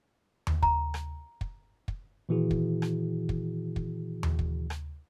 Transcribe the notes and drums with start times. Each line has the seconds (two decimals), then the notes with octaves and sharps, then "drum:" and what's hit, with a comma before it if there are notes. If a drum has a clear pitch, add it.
0.47 drum: tom D#2
0.63 A#5, drum: kick
0.94 drum: rim click
1.41 drum: kick
1.88 drum: kick
2.29 A#2 D#3 E3 E4 F#4 G#4
2.51 drum: kick
2.82 drum: rim click
3.29 drum: kick
3.76 drum: kick
4.23 drum: tom D#2
4.39 drum: kick
4.70 drum: rim click